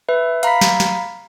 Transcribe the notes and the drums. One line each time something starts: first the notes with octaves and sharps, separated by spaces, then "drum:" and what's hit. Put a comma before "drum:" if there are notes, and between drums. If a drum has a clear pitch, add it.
B4 E5
F5 A#5 B5 B6, drum: hi-hat
drum: snare
drum: snare